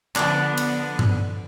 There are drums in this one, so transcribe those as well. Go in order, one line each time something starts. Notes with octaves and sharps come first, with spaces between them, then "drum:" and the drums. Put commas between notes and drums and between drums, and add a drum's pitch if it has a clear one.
D3 F3 B3 D4, drum: clap
drum: cymbal
drum: tom G2